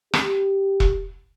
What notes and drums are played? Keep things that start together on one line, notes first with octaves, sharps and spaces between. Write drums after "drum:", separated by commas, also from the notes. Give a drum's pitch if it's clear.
G4, drum: rim click
drum: kick E1